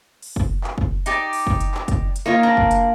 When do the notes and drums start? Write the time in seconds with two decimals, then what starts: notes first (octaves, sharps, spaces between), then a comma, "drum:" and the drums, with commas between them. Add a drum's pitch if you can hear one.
0.22 drum: open hi-hat
0.36 drum: kick
0.64 drum: clap
0.78 drum: kick
1.06 D#4 G4 D5, drum: hi-hat
1.33 drum: open hi-hat
1.47 drum: kick
1.60 drum: hi-hat
1.74 drum: clap
1.88 drum: kick, hi-hat
2.16 drum: hi-hat
2.26 A#3 D#4 F4 C#5
2.43 D4 A#5
2.57 drum: kick
2.71 drum: hi-hat